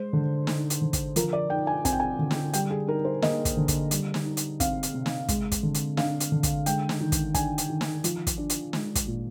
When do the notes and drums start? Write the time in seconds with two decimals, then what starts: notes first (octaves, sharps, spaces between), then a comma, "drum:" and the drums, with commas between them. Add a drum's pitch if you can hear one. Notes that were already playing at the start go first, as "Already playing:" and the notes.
Already playing: G#3 C5
0.13 D3
0.47 D#4, drum: snare
0.70 drum: hi-hat
0.82 D3
0.93 drum: kick, hi-hat
1.16 F3 A#4, drum: hi-hat
1.33 D5
1.50 D#4 G5
1.67 G#5
1.85 C4 G#5, drum: kick, hi-hat
1.93 G5
2.00 G#5
2.19 D3
2.31 drum: snare
2.53 G3 G5, drum: hi-hat
2.70 G#4
2.87 D#4 A#4
3.05 C5
3.22 A#3 D#5, drum: snare
3.45 drum: kick, hi-hat
3.57 D3
3.68 drum: kick, hi-hat
3.91 G3, drum: hi-hat
4.14 drum: snare
4.25 D#4
4.37 drum: hi-hat
4.60 C4 F5, drum: kick, hi-hat
4.83 drum: hi-hat
4.94 C3
5.06 drum: snare
5.28 G#3, drum: kick, hi-hat
5.52 drum: kick, hi-hat
5.63 D3
5.74 drum: hi-hat
5.97 D4 F5, drum: snare
6.20 drum: hi-hat
6.32 D3
6.43 drum: kick, hi-hat
6.66 G#3 G5, drum: hi-hat
6.89 drum: snare
7.00 D#3
7.12 drum: kick, hi-hat
7.34 D4 G#5, drum: kick, hi-hat
7.58 drum: hi-hat
7.69 D#3
7.81 drum: snare
8.04 F3, drum: hi-hat
8.27 drum: kick, hi-hat
8.38 D4
8.50 drum: hi-hat
8.73 G#3, drum: snare
8.95 drum: kick, hi-hat
9.07 A#2